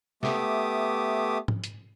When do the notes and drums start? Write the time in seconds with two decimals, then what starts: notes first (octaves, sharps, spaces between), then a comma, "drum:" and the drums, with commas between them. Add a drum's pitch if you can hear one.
0.23 A3 B3 G4 E5 D6 D#6, drum: snare
1.48 drum: tom G#2
1.64 drum: hi-hat